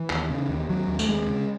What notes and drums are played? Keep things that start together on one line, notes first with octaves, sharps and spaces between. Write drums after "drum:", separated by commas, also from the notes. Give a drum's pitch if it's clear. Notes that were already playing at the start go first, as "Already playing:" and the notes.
Already playing: E3
D#2, drum: clap
C#3
D#2
D#2 F#3
D#2
A3, drum: tambourine
D#2 G#3
C#3